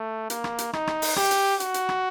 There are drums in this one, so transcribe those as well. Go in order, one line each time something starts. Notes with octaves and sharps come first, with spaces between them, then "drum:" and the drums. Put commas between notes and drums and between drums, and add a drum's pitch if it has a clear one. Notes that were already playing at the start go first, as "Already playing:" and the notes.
Already playing: A3
A#3, drum: hi-hat
drum: rim click
drum: hi-hat
D#4, drum: rim click
drum: rim click
drum: open hi-hat
G4, drum: rim click
drum: hi-hat
F#4, drum: hi-hat
drum: hi-hat
drum: rim click